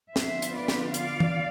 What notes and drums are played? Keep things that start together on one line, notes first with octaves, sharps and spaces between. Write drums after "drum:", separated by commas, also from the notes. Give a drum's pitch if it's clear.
D3 F3 B3 F4 C5 E5, drum: snare
drum: hi-hat
B4 D5
drum: snare
D5 F5, drum: hi-hat
drum: tom E3